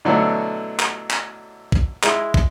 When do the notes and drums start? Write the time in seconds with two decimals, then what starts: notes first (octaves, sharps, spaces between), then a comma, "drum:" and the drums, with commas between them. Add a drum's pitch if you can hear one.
0.05 B2 D3 E3 F#3 A3
0.79 drum: clap
1.10 drum: clap
1.72 drum: kick
2.03 G#3 E4, drum: clap
2.34 drum: kick